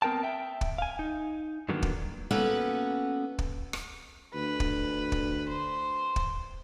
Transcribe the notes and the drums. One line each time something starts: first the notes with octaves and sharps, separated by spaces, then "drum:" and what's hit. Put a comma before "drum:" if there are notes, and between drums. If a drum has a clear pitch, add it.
B3 C4 A#4 G5 A5
E5 G5
drum: kick
F5 G#5
D#4
G2 D3 D#3 F#3 A#3 B3
drum: kick
A#3 B3 C#4 F#4 A4 B4
drum: kick
drum: rim click
D2 B4
drum: kick
drum: kick
C5
drum: kick